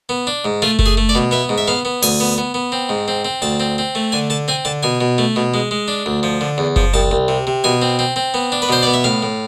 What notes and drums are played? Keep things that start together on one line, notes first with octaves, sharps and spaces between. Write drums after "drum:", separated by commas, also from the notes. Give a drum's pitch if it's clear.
B3
D4
G#2
A3 F4
A3, drum: kick F#1
G#4
A3
D5
B2
B3 E5
G#2
E5
B3 F5
B3
D2 G#5, drum: open hi-hat
B3
B3
B3
C4
G#2
C4
C4
D2 A5
C4
C4
A3
D3 G#5
D3 A5
C4 G#5
D3 A5
B2 G#5
B2
A3
B2
G#3
G#3
D4
D2
F3
D3
E2
F3, drum: kick F#1
C2 A5
C2
C3
C3
B2 G#5
C4
C4
C4
B3
D4
B4
B2 C5
B3 D5
E5
A2 F5
A2